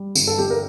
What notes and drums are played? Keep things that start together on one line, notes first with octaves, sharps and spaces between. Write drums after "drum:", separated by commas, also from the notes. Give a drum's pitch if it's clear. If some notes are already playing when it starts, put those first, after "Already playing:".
Already playing: G3
G1, drum: tambourine
A4
G1 G4
A#4